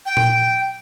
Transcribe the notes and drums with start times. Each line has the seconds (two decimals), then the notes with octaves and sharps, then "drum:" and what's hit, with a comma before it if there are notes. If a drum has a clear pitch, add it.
0.06 G5
0.17 drum: tom A#2